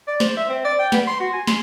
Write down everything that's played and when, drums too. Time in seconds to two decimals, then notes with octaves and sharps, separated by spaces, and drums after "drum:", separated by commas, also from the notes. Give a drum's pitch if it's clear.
0.08 D5
0.20 C5, drum: snare
0.37 E5
0.49 C4
0.65 D5
0.79 G5
0.92 B3, drum: snare
1.07 C6
1.20 F#4
1.33 G#5
1.47 C6, drum: snare